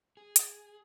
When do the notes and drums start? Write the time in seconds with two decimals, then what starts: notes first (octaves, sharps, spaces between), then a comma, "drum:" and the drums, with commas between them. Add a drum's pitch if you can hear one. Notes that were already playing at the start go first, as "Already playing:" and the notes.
0.17 G#4
0.36 drum: hi-hat